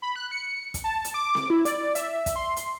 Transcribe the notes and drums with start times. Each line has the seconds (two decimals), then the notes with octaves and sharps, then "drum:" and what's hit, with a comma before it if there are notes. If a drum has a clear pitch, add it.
0.02 B5
0.16 F#6
0.31 C#7
0.74 drum: kick, hi-hat
0.84 A5
1.04 drum: hi-hat
1.14 D6
1.35 drum: snare C4
1.50 E4
1.65 D5, drum: hi-hat
1.95 E5, drum: hi-hat
2.13 E5
2.26 drum: kick, hi-hat
2.36 C6
2.56 drum: hi-hat